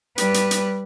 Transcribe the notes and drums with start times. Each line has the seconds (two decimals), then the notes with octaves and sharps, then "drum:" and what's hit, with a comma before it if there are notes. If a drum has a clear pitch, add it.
0.18 G3 B4, drum: hi-hat
0.34 drum: hi-hat
0.51 drum: hi-hat